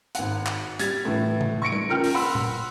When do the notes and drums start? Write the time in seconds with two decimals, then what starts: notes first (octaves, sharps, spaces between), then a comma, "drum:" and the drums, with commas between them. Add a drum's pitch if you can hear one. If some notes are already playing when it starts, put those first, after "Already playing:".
0.15 G#1 F#5, drum: hi-hat
0.46 drum: clap
0.79 G3 G#6 A6, drum: hi-hat
1.05 A2 E3
1.41 drum: tom C3
1.62 C#6 A#6 C#7 D7
1.72 drum: tom
1.88 C#3 F3 A#4 G5 F6
2.04 drum: open hi-hat
2.14 F#5 B5 C6 E6
2.35 drum: tom A#2